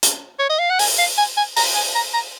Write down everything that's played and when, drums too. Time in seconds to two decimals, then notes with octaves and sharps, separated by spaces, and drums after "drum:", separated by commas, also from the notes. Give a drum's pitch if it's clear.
0.03 drum: hi-hat
0.39 C#5
0.50 D#5
0.59 F5
0.70 F#5
0.79 G#5, drum: open hi-hat
0.99 F5
1.18 G#5
1.37 G#5
1.56 A#5, drum: open hi-hat
1.75 G#5
1.95 A#5
2.14 A#5